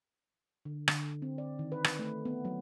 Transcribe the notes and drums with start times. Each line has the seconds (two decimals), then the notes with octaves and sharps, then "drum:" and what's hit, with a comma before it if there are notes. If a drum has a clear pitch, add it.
0.65 D3
0.88 D3, drum: rim click
1.22 C4
1.38 D5
1.59 D#3
1.72 B4
1.84 drum: rim click
1.99 A3
2.25 B3
2.45 F#3